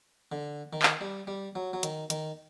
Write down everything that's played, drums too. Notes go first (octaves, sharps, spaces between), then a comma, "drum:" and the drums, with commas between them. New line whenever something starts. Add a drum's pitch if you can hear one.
D3
D#3
drum: clap
G3
G3
F#3
F#3
D#3, drum: hi-hat
D#3, drum: hi-hat